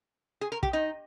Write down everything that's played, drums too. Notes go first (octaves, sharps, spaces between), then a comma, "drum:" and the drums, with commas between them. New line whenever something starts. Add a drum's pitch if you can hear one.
G#4
A#4
G4, drum: kick
D#4